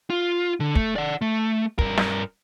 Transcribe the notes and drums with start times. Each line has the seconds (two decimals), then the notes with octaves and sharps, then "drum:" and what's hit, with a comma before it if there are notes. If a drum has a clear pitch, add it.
0.10 F4
0.60 D3
0.75 A3, drum: kick
0.96 D5 F#5
1.22 A3
1.79 G2 A#4, drum: kick
1.98 drum: snare